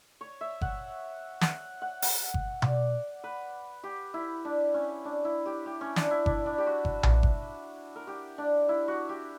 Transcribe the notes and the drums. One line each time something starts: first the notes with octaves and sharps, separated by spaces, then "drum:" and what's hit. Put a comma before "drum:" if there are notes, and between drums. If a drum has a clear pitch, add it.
C#5
E5
F#5, drum: kick G1
F#5, drum: snare
F#5
F#5, drum: open hi-hat
drum: kick G1
D5, drum: tom B2
B4
G4
E4
D4
C#4
D4
E4
G4
G4
C#4
D4, drum: snare
E4
D4, drum: kick G1
D4
G4
F#4
drum: kick G1
drum: tom A#1
drum: kick G1
A#4
G4
D4
E4
F#4
G4